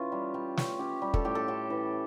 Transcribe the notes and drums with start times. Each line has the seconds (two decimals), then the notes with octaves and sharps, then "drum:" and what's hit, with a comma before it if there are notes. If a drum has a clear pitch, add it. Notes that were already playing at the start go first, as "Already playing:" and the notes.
Already playing: E3 C#4 F4
0.12 G3
0.34 G3
0.57 C#4, drum: snare
0.79 C#4 G4
1.02 G3
1.14 A4, drum: kick
1.25 A2 G4
1.35 A4
1.48 C#4 G4
1.70 E3